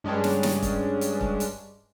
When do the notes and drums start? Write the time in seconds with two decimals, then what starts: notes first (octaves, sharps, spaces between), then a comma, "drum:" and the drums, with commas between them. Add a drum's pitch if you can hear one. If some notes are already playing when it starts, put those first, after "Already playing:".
0.04 G2 G#3 C#4 D4
0.24 drum: snare
0.43 drum: snare
0.62 drum: kick, hi-hat
1.01 drum: hi-hat
1.21 drum: kick
1.40 drum: hi-hat